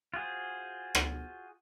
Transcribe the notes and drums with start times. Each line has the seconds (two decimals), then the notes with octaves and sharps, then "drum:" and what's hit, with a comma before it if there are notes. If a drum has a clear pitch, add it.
0.14 F4 F#4 G#4 C5
0.95 drum: rim click